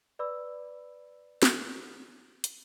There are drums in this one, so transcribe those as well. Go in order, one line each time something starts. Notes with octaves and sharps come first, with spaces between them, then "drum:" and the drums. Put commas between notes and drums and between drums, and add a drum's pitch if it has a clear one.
B4 D5 B5 D6 E6
drum: snare
drum: hi-hat